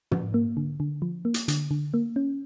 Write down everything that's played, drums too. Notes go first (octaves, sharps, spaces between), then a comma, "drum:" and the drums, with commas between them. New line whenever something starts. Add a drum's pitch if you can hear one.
F3, drum: tom
A#3
D3
D3
F3
A#3
drum: hi-hat
D3, drum: hi-hat
D3
A#3
C#4